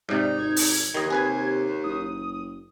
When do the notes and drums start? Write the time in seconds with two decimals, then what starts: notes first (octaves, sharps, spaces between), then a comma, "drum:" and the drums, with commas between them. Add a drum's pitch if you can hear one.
0.09 G#2 C3 D#4 D5
0.38 G#1 G#6
0.56 drum: open hi-hat
0.94 D#2 D#3 D#5
1.10 C3 G#4 B4 G#5
1.84 F#1 D#6